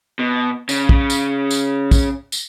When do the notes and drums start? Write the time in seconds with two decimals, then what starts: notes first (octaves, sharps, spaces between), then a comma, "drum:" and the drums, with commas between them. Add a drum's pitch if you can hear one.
0.19 B2
0.69 C#3, drum: tambourine
0.89 drum: kick
1.10 drum: tambourine
1.51 drum: tambourine
1.91 drum: kick, tambourine
2.32 drum: tambourine